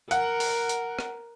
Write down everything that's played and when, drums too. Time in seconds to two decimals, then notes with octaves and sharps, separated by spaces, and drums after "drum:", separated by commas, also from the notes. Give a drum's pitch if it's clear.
0.11 A#4 F#5, drum: hi-hat
0.40 drum: open hi-hat
0.69 drum: hi-hat
0.99 drum: rim click